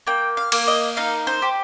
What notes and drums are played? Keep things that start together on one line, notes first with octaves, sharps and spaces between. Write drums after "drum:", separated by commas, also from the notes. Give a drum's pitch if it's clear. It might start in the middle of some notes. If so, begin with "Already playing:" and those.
A#3 G5
F5
A#3, drum: cymbal
D#5
D#4 F5
C5
G4